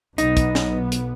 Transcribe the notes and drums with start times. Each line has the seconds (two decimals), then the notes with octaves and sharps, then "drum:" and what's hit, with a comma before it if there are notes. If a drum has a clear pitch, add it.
0.18 B1 B3 D#4, drum: hi-hat
0.37 drum: kick, hi-hat
0.55 drum: snare
0.92 drum: hi-hat